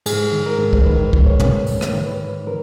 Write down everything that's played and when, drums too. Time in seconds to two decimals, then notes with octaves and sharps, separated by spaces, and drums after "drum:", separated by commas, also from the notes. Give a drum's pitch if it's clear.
0.06 G#2 G#4, drum: cymbal
0.32 D#3
0.46 A#4
0.59 G#2
0.73 drum: kick
0.86 D#3 B4
1.13 G#2, drum: kick
1.26 C#5
1.40 D#3, drum: tom
1.66 G#2, drum: open hi-hat
1.81 drum: rim click
1.93 D#3
2.07 B4
2.20 G#2
2.47 D#3 A#4